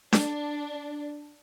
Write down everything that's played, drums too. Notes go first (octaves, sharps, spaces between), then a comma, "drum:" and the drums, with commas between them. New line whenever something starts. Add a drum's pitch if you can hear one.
D4, drum: snare D4